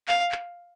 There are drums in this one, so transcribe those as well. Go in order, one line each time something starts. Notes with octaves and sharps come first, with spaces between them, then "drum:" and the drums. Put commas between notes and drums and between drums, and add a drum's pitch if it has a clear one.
F5, drum: clap
drum: clap